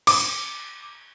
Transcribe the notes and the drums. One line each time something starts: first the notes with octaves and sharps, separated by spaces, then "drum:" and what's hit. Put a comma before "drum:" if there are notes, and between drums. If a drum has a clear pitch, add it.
D6, drum: cymbal